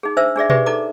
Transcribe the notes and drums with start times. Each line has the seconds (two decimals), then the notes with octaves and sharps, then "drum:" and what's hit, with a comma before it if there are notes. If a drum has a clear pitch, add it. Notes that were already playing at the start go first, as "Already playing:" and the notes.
0.03 D#4 G#4
0.17 D4 C5 E5 E6
0.36 D4 G#4 D5 E5
0.50 G4 G#4 B4 D5 E5, drum: tom B2
0.66 D#4 A4 A#5 D6